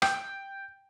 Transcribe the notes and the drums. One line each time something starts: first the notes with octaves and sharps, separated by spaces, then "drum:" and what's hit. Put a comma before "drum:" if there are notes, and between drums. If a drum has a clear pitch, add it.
G5, drum: rim click